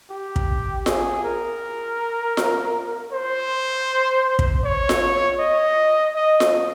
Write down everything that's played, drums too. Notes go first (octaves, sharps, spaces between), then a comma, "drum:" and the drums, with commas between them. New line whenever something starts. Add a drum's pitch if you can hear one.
G4
drum: kick
G#4, drum: snare F4
A#4
drum: snare F4
C5
drum: kick
C#5
drum: snare F4
D#5
D#5
drum: snare F4